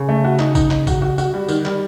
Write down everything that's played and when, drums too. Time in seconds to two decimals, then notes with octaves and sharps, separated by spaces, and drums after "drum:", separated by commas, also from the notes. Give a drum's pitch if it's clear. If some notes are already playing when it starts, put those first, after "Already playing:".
Already playing: C#3
0.08 A3
0.24 F#4
0.39 D#4, drum: clap
0.55 D#4, drum: kick, tambourine
0.71 D#4, drum: clap
0.87 F#4, drum: kick, tambourine
1.02 F#4
1.18 F#4, drum: tambourine
1.34 G3
1.49 D#3, drum: tambourine
1.65 G3, drum: clap